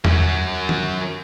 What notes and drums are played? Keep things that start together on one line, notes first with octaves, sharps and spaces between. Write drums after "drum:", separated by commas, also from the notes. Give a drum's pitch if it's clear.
F#2 F#3, drum: tom E2
drum: tom D#3